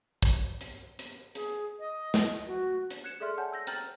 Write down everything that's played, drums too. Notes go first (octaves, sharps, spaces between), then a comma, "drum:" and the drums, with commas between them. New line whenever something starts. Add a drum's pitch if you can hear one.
drum: kick, hi-hat
drum: hi-hat
drum: hi-hat
G#4, drum: hi-hat
D#5
drum: snare
F#4
drum: hi-hat
F#6 G#6 C#7 E7
G#4 A4 D5 E5 C6 F6
C#5 F#5 G#5 A5 G6
E6 G6 A#6
G5 A#5 F6 G6 A6 F#7, drum: hi-hat